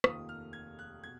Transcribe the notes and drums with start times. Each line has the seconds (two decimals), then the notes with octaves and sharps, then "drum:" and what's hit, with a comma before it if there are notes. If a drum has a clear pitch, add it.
0.04 F1 D#2 D#3 A#3 F4 D#6, drum: rim click
0.29 F6
0.53 G#6
0.79 F#6
1.04 B2 G#6